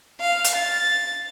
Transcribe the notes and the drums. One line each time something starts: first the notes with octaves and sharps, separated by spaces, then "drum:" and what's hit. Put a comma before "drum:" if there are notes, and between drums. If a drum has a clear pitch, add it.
F5
drum: hi-hat
A6